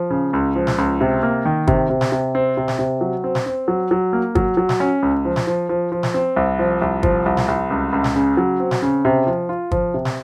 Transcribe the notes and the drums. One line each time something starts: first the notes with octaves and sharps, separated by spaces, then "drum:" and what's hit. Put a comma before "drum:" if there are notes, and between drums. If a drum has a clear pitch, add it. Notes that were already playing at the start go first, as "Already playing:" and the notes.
Already playing: F3
C#3
C#2
F3
drum: snare
C#2
C3
A#3
D#3
C3, drum: kick
C3
drum: snare
C3
C4
C3
drum: snare
C3
F#3
C4
drum: snare
C4
F#3
F#3
A#3
F#3, drum: kick
F#3
drum: snare
C#4
C#2
F3
drum: snare
F3
F3
F3
drum: snare
C4
C2
F3
C2
F3, drum: kick
C2
drum: snare
C2
C#2
C#2
drum: snare
C#3
F#3
C4
drum: snare
C#3
C3
F3
F4
F3, drum: kick
C3
drum: snare